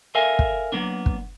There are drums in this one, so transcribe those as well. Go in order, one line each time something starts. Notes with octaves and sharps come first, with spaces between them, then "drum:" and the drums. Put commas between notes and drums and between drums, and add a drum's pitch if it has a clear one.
A4 A#4 E5 F5 G#5
drum: kick
F#3 A#3 B3 D4
drum: kick